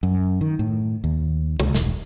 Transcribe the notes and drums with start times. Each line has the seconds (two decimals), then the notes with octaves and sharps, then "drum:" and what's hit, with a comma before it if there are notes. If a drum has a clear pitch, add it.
0.03 F#2
0.41 D#3
0.59 A2
1.04 D#2
1.60 C#2, drum: tom
1.74 E1, drum: snare